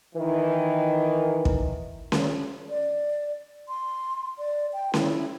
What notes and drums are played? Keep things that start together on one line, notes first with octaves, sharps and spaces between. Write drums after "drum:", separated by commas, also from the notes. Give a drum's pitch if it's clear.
D#3 E3
drum: kick
drum: snare C#4
D5
C6
D5
G5
E4, drum: snare C#4